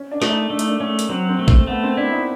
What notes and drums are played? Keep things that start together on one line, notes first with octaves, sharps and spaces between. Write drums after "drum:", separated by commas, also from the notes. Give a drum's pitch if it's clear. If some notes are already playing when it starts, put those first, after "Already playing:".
Already playing: C#4
D4
A3, drum: snare
D#4
A3 D4
D#4, drum: hi-hat
D4
A3 C#4
drum: hi-hat
F#3 C4
C4
A3
C4, drum: kick A1
A3 B3
C4
D4 E4
D#4